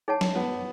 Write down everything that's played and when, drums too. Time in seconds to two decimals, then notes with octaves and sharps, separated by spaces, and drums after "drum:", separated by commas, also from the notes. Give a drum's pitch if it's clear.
0.08 D#4 G#4 C#5 F#5 A5
0.21 drum: snare
0.36 B3